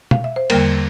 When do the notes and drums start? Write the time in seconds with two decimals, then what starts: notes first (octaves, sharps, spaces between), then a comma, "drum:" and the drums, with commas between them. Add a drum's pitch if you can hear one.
0.11 F5, drum: tom
0.24 E5
0.36 C5
0.50 E2 D3 G3 A#3 A#4, drum: cymbal